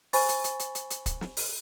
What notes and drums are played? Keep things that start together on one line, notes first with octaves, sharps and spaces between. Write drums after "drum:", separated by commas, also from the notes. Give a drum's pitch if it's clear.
C5 G#5 B5 C#6 A6, drum: open hi-hat
drum: hi-hat
drum: hi-hat
drum: hi-hat
drum: hi-hat
drum: hi-hat
drum: kick, hi-hat
drum: snare
drum: open hi-hat